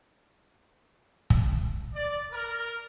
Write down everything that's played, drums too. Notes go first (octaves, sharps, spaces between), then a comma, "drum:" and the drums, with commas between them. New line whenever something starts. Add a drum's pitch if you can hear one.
drum: kick
D5
A#4